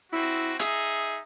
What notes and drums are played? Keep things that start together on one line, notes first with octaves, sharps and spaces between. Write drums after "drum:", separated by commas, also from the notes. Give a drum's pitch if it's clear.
C4 E4 F#4
D#4 G#4 E5, drum: hi-hat